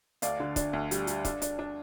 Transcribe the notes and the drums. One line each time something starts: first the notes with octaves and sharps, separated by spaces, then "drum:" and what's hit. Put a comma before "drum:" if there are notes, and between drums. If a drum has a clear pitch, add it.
D2 D5 F5, drum: hi-hat
D3
D4, drum: kick, hi-hat
D2
G3, drum: hi-hat
G3, drum: hi-hat
D4, drum: kick, hi-hat
D4, drum: hi-hat
D4